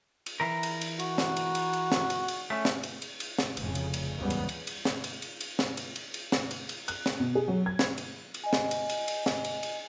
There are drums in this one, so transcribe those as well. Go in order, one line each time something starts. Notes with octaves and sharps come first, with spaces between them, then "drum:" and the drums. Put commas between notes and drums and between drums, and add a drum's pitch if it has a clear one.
drum: cymbal
E3 A#4
drum: cymbal
drum: cymbal
F#4, drum: cymbal
drum: snare
drum: cymbal
drum: cymbal
drum: cymbal
drum: snare
drum: cymbal
drum: cymbal
A3 C#4
drum: snare
drum: cymbal
drum: cymbal
drum: cymbal
drum: snare
F1 A2 C#3, drum: cymbal
drum: cymbal
drum: cymbal
D#2 G#2 C#3 E3 G3 B3
drum: cymbal
drum: cymbal
drum: cymbal
drum: snare
drum: cymbal
drum: cymbal
drum: cymbal
drum: snare
drum: cymbal
drum: cymbal
drum: cymbal
drum: snare
drum: cymbal
drum: cymbal
F#6, drum: cymbal
drum: snare
B2
G#4
F#3
G#6
drum: snare
drum: cymbal
drum: cymbal
D#5 G#5
drum: snare
drum: cymbal
drum: cymbal
drum: cymbal
drum: snare
drum: cymbal
drum: cymbal